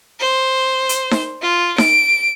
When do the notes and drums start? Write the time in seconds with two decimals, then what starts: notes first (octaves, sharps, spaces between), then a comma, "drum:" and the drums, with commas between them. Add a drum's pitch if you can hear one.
0.20 C5
0.89 drum: hi-hat
1.11 drum: snare D#4
1.42 F4
1.78 D7, drum: snare D#4